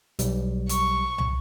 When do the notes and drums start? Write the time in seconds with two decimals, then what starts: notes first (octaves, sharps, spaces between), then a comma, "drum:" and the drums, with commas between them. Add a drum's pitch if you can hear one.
0.19 B1 G3, drum: hi-hat
0.69 C#6, drum: hi-hat
1.18 drum: tom